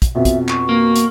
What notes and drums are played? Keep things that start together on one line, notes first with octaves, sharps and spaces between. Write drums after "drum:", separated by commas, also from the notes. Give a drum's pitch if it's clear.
drum: kick, hi-hat
F2 B2 E5
drum: kick, hi-hat
C#6, drum: clap
A#3
drum: hi-hat